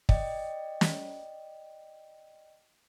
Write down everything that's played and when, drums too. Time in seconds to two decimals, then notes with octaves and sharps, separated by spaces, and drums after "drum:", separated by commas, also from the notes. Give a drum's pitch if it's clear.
0.09 D5 D#5 G5, drum: kick
0.81 drum: snare